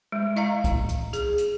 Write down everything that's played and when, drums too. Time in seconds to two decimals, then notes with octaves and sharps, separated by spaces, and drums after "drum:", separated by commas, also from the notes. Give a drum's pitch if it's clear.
0.12 G#3
0.36 E4 D#5 F5 A#5
0.64 drum: kick, hi-hat
0.89 drum: hi-hat
1.13 G#4, drum: hi-hat
1.38 drum: hi-hat